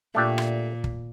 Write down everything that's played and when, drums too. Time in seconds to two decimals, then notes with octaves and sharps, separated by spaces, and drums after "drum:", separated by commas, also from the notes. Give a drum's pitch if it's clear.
0.15 A#2 A3 D4 G4
0.38 drum: rim click
0.84 drum: kick